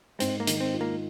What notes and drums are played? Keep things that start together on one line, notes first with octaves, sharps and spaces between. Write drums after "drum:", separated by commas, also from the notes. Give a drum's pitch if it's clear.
G#2 C4, drum: hi-hat
A#3
D#3, drum: hi-hat
C4
F4
A#3